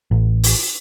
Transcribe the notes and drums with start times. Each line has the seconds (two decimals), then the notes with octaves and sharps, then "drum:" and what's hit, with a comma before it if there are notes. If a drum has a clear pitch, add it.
0.11 A1
0.43 drum: open hi-hat